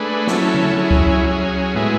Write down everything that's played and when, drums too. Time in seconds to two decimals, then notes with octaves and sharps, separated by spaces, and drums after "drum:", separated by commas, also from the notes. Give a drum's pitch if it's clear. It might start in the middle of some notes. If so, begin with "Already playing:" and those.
Already playing: A3 D4 G#4 B4
0.27 F#3 C#4 E4 A4, drum: snare
0.54 drum: tom C#3
0.76 F#3 C#4 E4 G#4
0.91 drum: kick C#2
1.26 F#3 C#4 G#4
1.75 A2 G#3 B3 E4 G#4